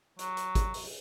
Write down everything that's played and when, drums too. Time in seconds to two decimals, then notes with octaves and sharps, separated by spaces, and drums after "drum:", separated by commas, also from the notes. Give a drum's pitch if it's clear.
0.19 F#3, drum: hi-hat
0.37 drum: hi-hat
0.55 drum: kick, hi-hat
0.74 drum: open hi-hat